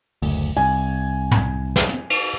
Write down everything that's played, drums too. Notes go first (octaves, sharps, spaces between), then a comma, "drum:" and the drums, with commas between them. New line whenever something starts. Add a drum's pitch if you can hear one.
F#1 D2, drum: open hi-hat
C2 G#5
drum: tom
drum: snare
drum: hi-hat
drum: cymbal